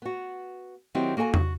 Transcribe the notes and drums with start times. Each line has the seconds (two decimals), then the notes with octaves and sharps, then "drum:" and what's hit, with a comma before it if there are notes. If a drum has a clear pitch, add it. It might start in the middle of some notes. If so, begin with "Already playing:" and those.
0.02 B3 F#4
0.95 D#3 F#3 C4 E4 F#4 G4
1.17 A#3 F#4 A4 G5 G#5
1.34 F#4, drum: tom E2